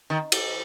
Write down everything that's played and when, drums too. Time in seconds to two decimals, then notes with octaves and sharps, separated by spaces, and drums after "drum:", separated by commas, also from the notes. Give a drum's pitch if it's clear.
0.10 D#3
0.32 drum: cymbal